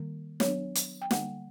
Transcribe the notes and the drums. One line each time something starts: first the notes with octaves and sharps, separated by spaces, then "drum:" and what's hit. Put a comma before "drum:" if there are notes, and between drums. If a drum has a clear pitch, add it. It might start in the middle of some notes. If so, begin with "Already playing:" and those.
Already playing: D#3 G3 A#3
F#3 B3 D4 C#5, drum: snare
drum: hi-hat
G5
D3 G3 A#3 F#5, drum: snare